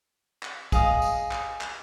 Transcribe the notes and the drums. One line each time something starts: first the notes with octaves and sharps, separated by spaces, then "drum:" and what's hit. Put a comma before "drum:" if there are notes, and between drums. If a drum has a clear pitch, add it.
drum: clap
G#4 D#5 F5 D#6, drum: kick, tambourine
drum: tambourine
drum: clap
drum: clap